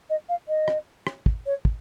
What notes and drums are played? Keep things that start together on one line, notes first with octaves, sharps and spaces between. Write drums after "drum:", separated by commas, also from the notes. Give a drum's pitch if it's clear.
D#5
F5
D#5
drum: rim click
drum: rim click
drum: kick
C#5
drum: kick